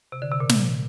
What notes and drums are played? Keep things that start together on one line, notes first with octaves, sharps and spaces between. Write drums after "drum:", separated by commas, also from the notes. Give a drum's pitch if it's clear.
C3
D3
C3
A#2
drum: snare